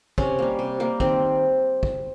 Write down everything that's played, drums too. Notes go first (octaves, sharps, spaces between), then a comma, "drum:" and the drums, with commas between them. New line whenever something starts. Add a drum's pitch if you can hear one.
C3 C#4, drum: kick
G3 A#3
C3
G3 A#3
D#3 C4, drum: kick
drum: kick